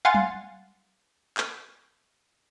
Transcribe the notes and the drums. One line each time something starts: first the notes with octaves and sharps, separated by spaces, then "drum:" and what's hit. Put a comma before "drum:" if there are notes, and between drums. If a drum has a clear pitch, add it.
F5 F#5 G#5 C6 A6
drum: tom F#3
drum: clap